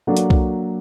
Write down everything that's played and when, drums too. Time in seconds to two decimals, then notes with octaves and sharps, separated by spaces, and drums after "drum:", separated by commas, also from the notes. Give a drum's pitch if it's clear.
0.07 F#3 A#3 D4 F#4 A4
0.17 drum: hi-hat
0.30 drum: kick B1